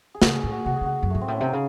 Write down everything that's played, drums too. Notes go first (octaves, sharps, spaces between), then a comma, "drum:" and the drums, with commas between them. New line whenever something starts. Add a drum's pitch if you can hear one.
G#4
C#3 F#4, drum: snare
G#4
A2
F#4
C3 F#4
G#4
C#3 F#4
F#2
G#2 A3
C4
A2 C#4
C3 D#4
C#3